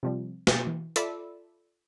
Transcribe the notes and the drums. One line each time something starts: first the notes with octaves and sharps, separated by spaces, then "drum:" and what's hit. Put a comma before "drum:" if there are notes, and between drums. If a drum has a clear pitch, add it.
C3 F3 G3
B2 A6, drum: snare
E3
F4 A4 D5 E5 B5 E6, drum: hi-hat